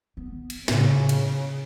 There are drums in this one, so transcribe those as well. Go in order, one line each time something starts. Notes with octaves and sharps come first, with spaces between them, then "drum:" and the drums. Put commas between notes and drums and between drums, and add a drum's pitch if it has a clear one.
B3
drum: cymbal
A2 C#3, drum: snare
drum: cymbal